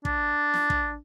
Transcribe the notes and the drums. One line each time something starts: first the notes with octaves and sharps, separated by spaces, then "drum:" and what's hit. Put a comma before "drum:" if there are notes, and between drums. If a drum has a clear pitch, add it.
D4, drum: kick
drum: snare
drum: kick